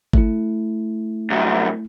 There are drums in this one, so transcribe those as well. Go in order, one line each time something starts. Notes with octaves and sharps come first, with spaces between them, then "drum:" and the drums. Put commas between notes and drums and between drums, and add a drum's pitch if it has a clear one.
A3 E4, drum: kick
C2 F#2